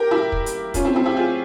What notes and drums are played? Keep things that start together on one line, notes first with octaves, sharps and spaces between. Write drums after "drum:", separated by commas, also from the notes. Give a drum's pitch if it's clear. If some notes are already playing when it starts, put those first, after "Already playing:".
Already playing: G4 A#4
E4 G4
drum: kick
drum: hi-hat
C#4 F4, drum: kick, hi-hat
C4 E4
C4 E4
E4 G4
F4 G#4